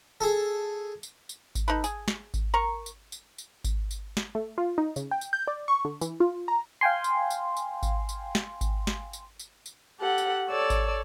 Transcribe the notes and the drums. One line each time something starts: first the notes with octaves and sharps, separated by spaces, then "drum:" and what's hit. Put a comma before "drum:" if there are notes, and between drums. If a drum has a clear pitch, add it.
G#4 A4
drum: tambourine
drum: tambourine
drum: kick G#1, tambourine
D#4 A4 B4
G#4, drum: tambourine
drum: snare
drum: kick G#1, tambourine
A#4 A#5 C#6
drum: tambourine
drum: tambourine
drum: tambourine
drum: kick G#1, tambourine
drum: tambourine
drum: snare
A3
F4
D#4
C#3, drum: tambourine
G5
drum: tambourine
G6
D5
C#6
D3
E3, drum: tambourine
F4
A#5
F5 G5 G#5 C6
drum: tambourine
drum: tambourine
drum: tambourine
drum: kick G#1, tambourine
drum: tambourine
drum: snare
drum: kick G#1, tambourine
drum: snare
drum: tambourine
drum: tambourine
drum: tambourine
G4 A4 F#5
drum: tambourine
A4 C#5 D5 E6
drum: kick G#1, tambourine